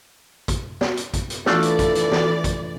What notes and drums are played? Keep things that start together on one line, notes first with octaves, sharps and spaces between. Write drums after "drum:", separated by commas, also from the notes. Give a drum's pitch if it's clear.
drum: kick, hi-hat
drum: snare
drum: hi-hat
drum: kick, hi-hat
drum: hi-hat
E3 A3 D4 F4 A4 D5, drum: snare
drum: hi-hat
drum: kick, hi-hat
drum: hi-hat
drum: snare
drum: kick, hi-hat